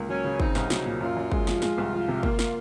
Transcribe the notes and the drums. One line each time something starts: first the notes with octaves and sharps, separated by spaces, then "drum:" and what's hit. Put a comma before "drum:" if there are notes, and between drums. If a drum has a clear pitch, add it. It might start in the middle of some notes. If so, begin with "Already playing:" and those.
Already playing: C#2 A#3
F#3 C#4
C#3
C4 D#4, drum: kick
C2, drum: snare
F#3, drum: snare
A#2
F#2 F4
F#2
G#3, drum: kick
F3, drum: snare
G#3, drum: snare
C2
F3
C3
A#3, drum: kick
drum: snare